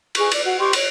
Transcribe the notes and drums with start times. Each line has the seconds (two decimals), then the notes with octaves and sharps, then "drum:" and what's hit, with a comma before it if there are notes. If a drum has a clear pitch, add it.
0.15 G#4 C#6, drum: cymbal
0.31 D5, drum: cymbal
0.44 F#4
0.59 G4 G5 C6 C#6
0.73 C#5, drum: cymbal